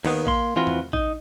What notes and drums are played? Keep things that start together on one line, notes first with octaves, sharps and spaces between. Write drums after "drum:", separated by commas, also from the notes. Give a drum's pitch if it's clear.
D#2 D#3 B3, drum: cymbal
A#3 C6, drum: kick A1
E3 C4 F4 F#4 B4
drum: tom E2
D#4, drum: kick A1